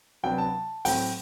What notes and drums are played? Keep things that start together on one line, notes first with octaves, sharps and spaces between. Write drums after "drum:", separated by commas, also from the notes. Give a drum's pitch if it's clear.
C3 F#3 B3 D4 G5
A5
A2 F#3 C4 G5, drum: open hi-hat